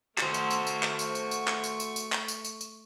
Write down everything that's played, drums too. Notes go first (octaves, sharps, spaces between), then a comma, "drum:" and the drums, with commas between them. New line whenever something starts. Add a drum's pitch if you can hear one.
A3 F#4 C5 C#6, drum: clap
drum: tambourine
drum: tambourine
drum: tambourine
drum: clap
drum: tambourine
drum: tambourine
drum: tambourine
drum: clap
drum: tambourine
drum: tambourine
drum: tambourine
drum: clap
drum: tambourine
drum: tambourine
drum: tambourine